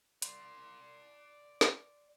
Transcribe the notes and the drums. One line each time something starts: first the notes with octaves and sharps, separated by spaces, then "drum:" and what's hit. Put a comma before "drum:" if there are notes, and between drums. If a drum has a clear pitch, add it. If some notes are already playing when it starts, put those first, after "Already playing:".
D5 C6, drum: hi-hat
drum: snare